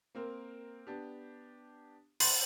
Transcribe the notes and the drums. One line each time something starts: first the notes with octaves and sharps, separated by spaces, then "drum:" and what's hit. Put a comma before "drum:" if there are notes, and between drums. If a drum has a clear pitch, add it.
A#3 C4 A#4
B3 D4 G4
B5 C6 F#6 G6 A6 C7, drum: open hi-hat